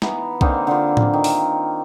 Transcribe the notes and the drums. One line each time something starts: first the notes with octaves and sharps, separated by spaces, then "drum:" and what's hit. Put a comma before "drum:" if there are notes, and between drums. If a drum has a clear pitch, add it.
E3 B3 D#4, drum: snare
D3 A#3 C4 D#4, drum: kick B1
D3 F4
drum: tom A2
D#3
drum: open hi-hat